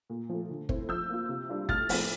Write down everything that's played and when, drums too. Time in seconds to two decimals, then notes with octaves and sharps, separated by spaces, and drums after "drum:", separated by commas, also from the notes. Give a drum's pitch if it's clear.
0.10 A#2
0.29 F3 A3
0.49 D3
0.69 A3 C4 E4, drum: kick
0.89 F3 E6 G6
1.09 A#3 F4
1.29 C3
1.49 G3 D4 F4
1.69 A2 F6 A6, drum: kick
1.89 F3 C4, drum: open hi-hat